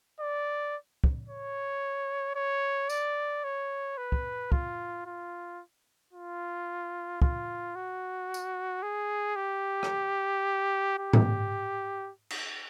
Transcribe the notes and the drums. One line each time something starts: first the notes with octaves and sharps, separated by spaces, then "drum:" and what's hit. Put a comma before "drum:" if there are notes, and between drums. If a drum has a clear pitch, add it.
D5
drum: kick
C#5
C#5
D5, drum: tambourine
C#5
B4
drum: kick
F4, drum: kick
F4
F4
F4, drum: kick
F#4
drum: tambourine
G#4
G4
drum: rim click
G4
drum: tom G#2
drum: cymbal